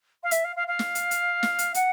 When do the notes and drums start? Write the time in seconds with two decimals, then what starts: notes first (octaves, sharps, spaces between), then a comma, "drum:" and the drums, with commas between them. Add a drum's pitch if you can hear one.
0.23 F5
0.31 E5, drum: hi-hat
0.44 F5
0.56 F5
0.67 F5
0.79 drum: snare
0.95 drum: hi-hat
1.11 drum: hi-hat
1.43 drum: snare
1.59 drum: hi-hat
1.74 F#5, drum: hi-hat